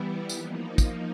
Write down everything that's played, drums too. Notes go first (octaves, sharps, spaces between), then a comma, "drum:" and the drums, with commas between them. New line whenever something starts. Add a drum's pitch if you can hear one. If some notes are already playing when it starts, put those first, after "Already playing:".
Already playing: E3 G3 B3 E4
F3 A#3 D#4, drum: tambourine
drum: kick, tambourine